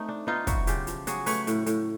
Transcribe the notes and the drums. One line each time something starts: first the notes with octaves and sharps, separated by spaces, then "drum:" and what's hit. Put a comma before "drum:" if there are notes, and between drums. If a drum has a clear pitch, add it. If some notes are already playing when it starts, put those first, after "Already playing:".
Already playing: A3 C4 D#4
D4
B3 D#4 F4
F#3 E4 F#4, drum: kick, hi-hat
C#3 F4 G4, drum: hi-hat
F3, drum: hi-hat
F#3 F#4 G#4, drum: hi-hat
A3 B4 C#5, drum: open hi-hat
A2, drum: hi-hat
A2, drum: hi-hat